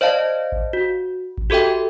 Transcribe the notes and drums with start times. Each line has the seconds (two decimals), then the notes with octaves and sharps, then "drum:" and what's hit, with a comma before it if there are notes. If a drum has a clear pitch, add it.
0.01 C5 D5 D#5 F5 A5
0.52 drum: kick G#1
0.73 F#4
1.38 drum: kick G#1
1.50 F#4 G4 A4 E5 G5